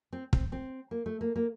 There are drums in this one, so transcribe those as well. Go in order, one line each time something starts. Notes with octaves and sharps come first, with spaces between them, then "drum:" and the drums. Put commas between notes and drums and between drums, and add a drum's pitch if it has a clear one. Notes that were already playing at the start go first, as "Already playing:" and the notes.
C4
C4, drum: kick
C4
A#3
A3
A#3
A#3